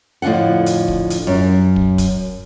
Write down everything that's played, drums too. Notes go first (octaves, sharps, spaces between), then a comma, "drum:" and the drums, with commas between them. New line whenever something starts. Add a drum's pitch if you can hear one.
F2 A2 D3 F4 F#5
drum: hi-hat
drum: kick
drum: hi-hat
F#2
drum: kick
drum: kick, hi-hat